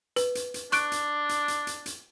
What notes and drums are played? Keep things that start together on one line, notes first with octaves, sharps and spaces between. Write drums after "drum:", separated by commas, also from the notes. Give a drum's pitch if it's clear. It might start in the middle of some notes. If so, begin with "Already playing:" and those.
B4, drum: hi-hat
drum: hi-hat
drum: hi-hat
D4 C#6 F#6 D7, drum: hi-hat
drum: hi-hat
drum: hi-hat
drum: hi-hat
drum: hi-hat
drum: hi-hat